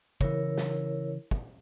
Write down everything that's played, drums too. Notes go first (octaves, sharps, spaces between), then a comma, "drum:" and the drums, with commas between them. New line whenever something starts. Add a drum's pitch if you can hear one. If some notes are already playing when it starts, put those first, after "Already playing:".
C#3 E3 E4 A#4 C#5, drum: kick
drum: snare
drum: kick